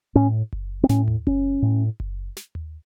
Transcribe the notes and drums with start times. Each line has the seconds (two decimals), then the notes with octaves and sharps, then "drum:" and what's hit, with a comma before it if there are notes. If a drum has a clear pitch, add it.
0.15 A2 C#4
0.53 drum: kick F#1
0.83 C4
0.89 A2 C#4, drum: snare
1.08 drum: tom D#2
1.27 C#4, drum: kick F#1
1.62 A2
2.00 drum: kick F#1
2.37 drum: snare
2.55 drum: tom D#2